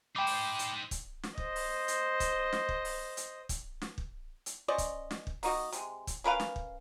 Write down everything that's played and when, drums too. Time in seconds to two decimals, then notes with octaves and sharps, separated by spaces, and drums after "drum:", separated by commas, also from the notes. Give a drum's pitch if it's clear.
0.16 D#4 C5 G5 B5 D6
0.27 drum: open hi-hat
0.59 drum: hi-hat
0.91 drum: kick, hi-hat
1.23 drum: snare
1.38 C5 D#5, drum: kick
1.56 drum: open hi-hat
1.88 drum: hi-hat
2.20 drum: kick, hi-hat
2.52 drum: snare
2.69 drum: kick
2.85 drum: open hi-hat
3.17 drum: hi-hat
3.49 drum: kick, hi-hat
3.82 drum: snare
3.98 drum: kick
4.46 drum: hi-hat
4.68 C#4 C5 D5 D#5
4.78 drum: kick, hi-hat
5.11 drum: snare
5.27 drum: kick
5.43 A#3 D#4 F#4 D#5, drum: open hi-hat
5.72 C3 G#3, drum: hi-hat
6.07 drum: kick, hi-hat
6.24 C#4 A#4 B4 F5
6.40 drum: snare
6.56 drum: kick